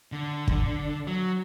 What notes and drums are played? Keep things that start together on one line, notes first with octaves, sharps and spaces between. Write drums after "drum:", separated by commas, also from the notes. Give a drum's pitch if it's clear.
D3
drum: kick
F#3